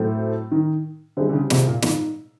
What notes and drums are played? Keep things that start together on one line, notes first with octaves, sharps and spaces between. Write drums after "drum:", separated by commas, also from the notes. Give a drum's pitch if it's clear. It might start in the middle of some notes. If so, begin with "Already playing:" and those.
Already playing: A2 F#3 A3 C4
D#3
D3 G3 C4 E4 G#4
D3
C#3
C3, drum: snare
A#2
G#2, drum: snare